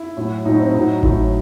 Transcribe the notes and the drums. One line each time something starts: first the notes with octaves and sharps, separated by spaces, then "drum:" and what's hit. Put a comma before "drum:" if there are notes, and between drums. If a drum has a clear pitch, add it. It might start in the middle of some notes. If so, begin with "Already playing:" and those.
Already playing: E4
A2 F#3
A2 F#3 D#4
C4
A2 F#3 D#4
A2 F#3, drum: kick G#1